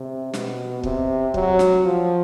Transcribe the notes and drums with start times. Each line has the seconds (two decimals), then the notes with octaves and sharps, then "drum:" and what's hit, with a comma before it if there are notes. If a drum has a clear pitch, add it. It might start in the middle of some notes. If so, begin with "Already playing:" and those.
Already playing: C3
0.34 B2, drum: snare
0.83 C3, drum: kick
1.34 F#3, drum: kick
1.59 drum: snare
1.84 F3